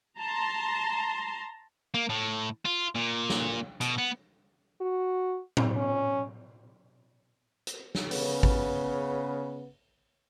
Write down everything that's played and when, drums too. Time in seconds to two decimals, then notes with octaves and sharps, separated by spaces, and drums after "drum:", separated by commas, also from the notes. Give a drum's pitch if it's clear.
0.19 A5 A#5 C6
1.94 A#3
2.10 A2
2.65 F4
2.95 A#2
3.30 drum: snare
3.81 B2, drum: hi-hat
3.98 B3
4.81 F#4
5.57 drum: tom
5.75 C#4
7.67 drum: hi-hat
7.95 drum: snare
8.11 C#3 B3, drum: open hi-hat
8.43 drum: kick G#1